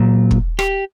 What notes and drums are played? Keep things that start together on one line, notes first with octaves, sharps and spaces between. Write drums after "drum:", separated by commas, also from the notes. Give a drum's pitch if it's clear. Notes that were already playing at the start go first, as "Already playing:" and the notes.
Already playing: A#2 F#3
drum: kick
G4, drum: rim click